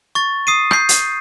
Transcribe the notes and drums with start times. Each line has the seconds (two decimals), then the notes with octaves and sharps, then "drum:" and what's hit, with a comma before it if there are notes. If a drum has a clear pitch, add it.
0.15 C#6 A6
0.47 D#6 C7 D#7
0.71 G6 C7, drum: rim click
0.89 drum: hi-hat